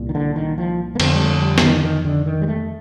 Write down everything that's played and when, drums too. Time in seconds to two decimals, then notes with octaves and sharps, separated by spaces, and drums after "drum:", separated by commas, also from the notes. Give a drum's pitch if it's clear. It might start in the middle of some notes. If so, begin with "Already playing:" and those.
Already playing: C2 A#2
0.09 D#3
0.15 D3
0.36 D#3
0.58 F3
0.95 A#3
1.00 F2 D3 C4, drum: cymbal
1.15 G3
1.21 A3
1.41 G3
1.58 F3, drum: snare
1.62 D#3
1.84 D#3
2.05 D3
2.26 D#3
2.42 G3
2.48 A3